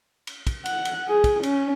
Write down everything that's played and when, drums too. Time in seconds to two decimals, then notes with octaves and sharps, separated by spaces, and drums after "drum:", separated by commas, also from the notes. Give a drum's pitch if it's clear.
0.27 drum: cymbal
0.47 drum: kick, cymbal
0.66 F#5, drum: cymbal
0.85 drum: cymbal
1.08 G#4
1.24 drum: kick, cymbal
1.43 C#4, drum: cymbal